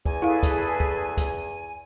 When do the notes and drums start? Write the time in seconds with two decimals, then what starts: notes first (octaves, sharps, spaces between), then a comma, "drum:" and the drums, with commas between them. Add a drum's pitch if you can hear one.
0.05 E2 G#5, drum: kick
0.22 E4 G#4 A4 B4 F5
0.43 drum: kick, hi-hat
0.80 drum: kick
1.17 drum: kick, hi-hat